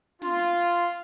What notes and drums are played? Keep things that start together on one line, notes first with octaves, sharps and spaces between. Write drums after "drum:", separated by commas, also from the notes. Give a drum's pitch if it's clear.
F4, drum: snare
drum: open hi-hat
drum: hi-hat
drum: hi-hat